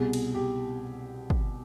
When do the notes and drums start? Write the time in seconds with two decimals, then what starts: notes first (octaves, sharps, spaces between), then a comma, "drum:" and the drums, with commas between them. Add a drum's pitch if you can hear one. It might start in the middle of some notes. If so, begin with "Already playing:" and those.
Already playing: C2 B2 G#4
0.13 drum: cymbal
0.34 G4
1.30 drum: kick